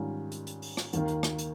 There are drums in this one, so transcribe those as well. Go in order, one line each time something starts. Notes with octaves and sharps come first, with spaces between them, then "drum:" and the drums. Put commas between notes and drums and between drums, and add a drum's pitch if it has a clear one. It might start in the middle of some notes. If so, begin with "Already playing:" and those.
Already playing: G#2 D#3 G3 C#4 F4
drum: hi-hat
drum: hi-hat
drum: open hi-hat
drum: rim click
D#2 D#3 A#3, drum: hi-hat
drum: hi-hat
drum: rim click
drum: hi-hat